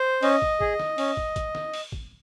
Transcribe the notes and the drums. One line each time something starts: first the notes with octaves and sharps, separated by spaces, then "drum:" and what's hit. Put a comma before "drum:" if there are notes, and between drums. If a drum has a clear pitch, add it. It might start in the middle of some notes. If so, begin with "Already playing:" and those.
Already playing: C5
C#4 D#5, drum: open hi-hat
drum: kick
G#4, drum: kick
drum: snare
C#4, drum: open hi-hat
drum: kick
drum: kick, hi-hat
drum: snare
drum: open hi-hat
drum: kick